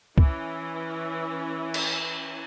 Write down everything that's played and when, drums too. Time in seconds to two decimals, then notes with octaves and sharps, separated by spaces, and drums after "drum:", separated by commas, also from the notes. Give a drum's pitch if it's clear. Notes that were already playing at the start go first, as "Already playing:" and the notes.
0.18 E3 C#4, drum: kick
1.74 drum: cymbal